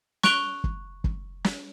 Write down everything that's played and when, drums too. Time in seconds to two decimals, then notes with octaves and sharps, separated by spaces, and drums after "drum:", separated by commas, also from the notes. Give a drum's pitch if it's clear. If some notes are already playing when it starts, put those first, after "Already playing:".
0.23 C#6 F#6 D7 F7 G7, drum: snare
0.64 drum: kick
1.04 drum: kick
1.44 drum: snare